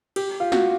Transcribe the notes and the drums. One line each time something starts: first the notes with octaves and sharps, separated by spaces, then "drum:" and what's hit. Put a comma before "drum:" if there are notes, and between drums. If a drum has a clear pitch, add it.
G4, drum: cymbal
F4
F#4, drum: snare